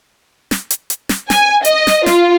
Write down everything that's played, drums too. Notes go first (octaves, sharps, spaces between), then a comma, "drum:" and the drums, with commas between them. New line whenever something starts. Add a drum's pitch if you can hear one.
drum: snare
drum: hi-hat
drum: hi-hat
drum: snare
G#5, drum: snare
D#5, drum: hi-hat
drum: snare
F4, drum: snare